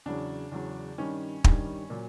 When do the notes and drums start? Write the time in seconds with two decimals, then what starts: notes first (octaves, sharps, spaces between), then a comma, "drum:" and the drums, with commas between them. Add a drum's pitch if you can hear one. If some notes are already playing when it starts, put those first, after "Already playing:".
0.06 E2 C#3 F#3 D4
0.52 E2 C#3 F#3
0.98 G2 D#3 G3 C#4
1.44 G2 D#3 G3, drum: kick
1.90 A#2 F#3